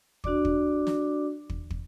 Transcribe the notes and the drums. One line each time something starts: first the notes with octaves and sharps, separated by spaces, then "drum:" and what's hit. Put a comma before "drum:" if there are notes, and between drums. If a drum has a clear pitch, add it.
D4 F#4 D5 D6, drum: kick
drum: kick
drum: snare
drum: kick
drum: kick